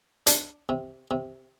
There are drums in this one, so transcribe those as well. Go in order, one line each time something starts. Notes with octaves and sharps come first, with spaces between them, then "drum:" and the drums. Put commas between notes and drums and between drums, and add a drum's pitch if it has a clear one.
D4, drum: hi-hat
C3
C3